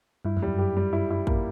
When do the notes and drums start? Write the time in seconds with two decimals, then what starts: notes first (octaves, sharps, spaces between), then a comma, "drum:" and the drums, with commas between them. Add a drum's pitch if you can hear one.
0.25 G2 E4
0.37 F#2
0.42 G3
0.48 F#2
0.58 F#2 G4
0.77 G3
0.93 E4
1.11 E4
1.27 A#3, drum: kick